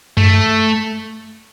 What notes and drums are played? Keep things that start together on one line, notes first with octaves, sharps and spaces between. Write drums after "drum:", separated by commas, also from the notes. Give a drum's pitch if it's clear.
A3, drum: tom F#2